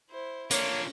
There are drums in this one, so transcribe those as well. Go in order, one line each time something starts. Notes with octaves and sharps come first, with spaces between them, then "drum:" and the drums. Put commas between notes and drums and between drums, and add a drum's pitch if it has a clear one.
E4 C5
A#3 D4 F4 C#5 C#6, drum: hi-hat